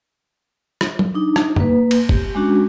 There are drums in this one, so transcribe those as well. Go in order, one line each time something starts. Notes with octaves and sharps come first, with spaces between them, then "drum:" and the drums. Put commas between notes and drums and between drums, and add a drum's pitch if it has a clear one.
drum: rim click
drum: tom F#3
D4 D#4
drum: rim click
A#3 B4, drum: tom F2
drum: cymbal
G4, drum: kick F#1
G#3 C#4 D4 F#4